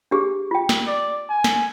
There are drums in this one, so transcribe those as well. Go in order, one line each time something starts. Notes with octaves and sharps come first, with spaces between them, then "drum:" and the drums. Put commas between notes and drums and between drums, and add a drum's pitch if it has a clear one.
D4 G4 G#4
F4 G5
drum: snare
D5
G#5
drum: snare